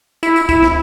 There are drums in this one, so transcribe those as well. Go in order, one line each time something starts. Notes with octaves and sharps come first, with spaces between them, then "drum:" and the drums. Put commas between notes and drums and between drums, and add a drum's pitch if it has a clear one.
E4, drum: tambourine
drum: tambourine
E4, drum: kick, tambourine
drum: snare